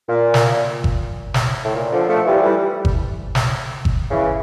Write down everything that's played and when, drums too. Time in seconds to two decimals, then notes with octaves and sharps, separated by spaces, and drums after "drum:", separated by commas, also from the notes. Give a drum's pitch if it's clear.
0.09 A#2
0.34 drum: snare
0.84 drum: kick G1
1.34 drum: snare
1.65 A2
1.75 A#2
1.92 D3 F3
2.09 F3 A3
2.26 E3 G3
2.43 E3 G3
2.85 drum: kick G1
3.35 drum: snare
3.85 drum: kick G1
4.11 C#3 E3